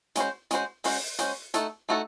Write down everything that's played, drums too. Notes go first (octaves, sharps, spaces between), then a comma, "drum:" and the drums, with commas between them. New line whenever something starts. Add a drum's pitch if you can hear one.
G#3 C#4 F#4 C5, drum: hi-hat
G#3 C#4 F#4 C5, drum: hi-hat
G#3 C#4 F#4 C5, drum: open hi-hat
G#3 C#4 F#4 C5, drum: hi-hat
A3 D#4 F#4 A4, drum: hi-hat
A3 D#4 F#4 A4